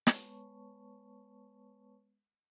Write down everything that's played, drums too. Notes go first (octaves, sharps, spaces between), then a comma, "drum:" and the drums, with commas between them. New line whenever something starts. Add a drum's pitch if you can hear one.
G#3 B3 B4 C#5 A5 C#6, drum: snare